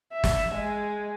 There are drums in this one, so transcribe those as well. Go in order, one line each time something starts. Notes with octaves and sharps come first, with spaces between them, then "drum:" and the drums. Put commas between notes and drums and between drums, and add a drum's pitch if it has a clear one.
E5
drum: snare
G#3